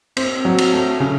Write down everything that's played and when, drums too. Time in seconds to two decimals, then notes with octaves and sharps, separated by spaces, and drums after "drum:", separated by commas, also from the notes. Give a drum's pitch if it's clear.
0.17 C4, drum: cymbal
0.45 F#3
0.58 drum: cymbal
0.73 A3
1.00 C#3